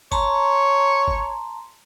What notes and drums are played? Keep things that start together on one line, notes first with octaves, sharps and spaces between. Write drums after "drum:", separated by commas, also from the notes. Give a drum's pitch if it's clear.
C#5 A5 A#5 C6, drum: kick G1
drum: kick G1